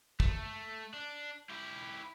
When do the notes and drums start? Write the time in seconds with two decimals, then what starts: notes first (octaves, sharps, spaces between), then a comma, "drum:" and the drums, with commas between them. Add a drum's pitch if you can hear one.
0.20 A3, drum: kick
0.94 D4
1.49 E4 G4